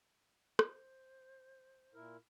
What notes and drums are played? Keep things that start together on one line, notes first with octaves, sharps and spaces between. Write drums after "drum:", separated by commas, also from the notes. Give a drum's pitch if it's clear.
C5, drum: rim click
A#2 E4 A#4